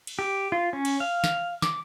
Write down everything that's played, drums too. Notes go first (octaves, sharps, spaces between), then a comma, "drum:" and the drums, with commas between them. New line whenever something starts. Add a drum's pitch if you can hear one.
drum: cymbal
G4
F4
C#4
drum: cymbal
F5
drum: snare
D6, drum: snare